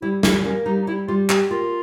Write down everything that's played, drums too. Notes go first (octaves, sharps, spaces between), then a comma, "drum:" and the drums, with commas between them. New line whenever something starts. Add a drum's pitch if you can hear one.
G3 E4
G3 E4, drum: snare
A#3 C#4
G3 D#4
D#4
G3 E4
G3 F4
G4, drum: clap
A#3 F4